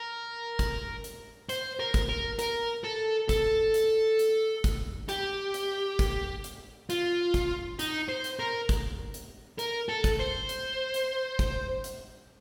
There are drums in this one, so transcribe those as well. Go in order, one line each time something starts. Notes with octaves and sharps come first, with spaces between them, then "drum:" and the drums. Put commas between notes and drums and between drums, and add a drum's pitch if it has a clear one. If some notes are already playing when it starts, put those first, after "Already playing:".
Already playing: A#4
drum: kick, hi-hat
drum: hi-hat
C5, drum: hi-hat
A#4
drum: kick, hi-hat
A#4
A#4, drum: hi-hat
A4
A4, drum: kick, hi-hat
drum: hi-hat
drum: hi-hat
drum: kick, hi-hat
G4, drum: hi-hat
drum: hi-hat
drum: kick, hi-hat
drum: hi-hat
F4, drum: hi-hat
drum: kick, hi-hat
D#4, drum: hi-hat
C5
drum: hi-hat
A#4
drum: kick, hi-hat
drum: hi-hat
A#4, drum: hi-hat
A4
drum: kick, hi-hat
C5
drum: hi-hat
drum: hi-hat
drum: kick, hi-hat
drum: hi-hat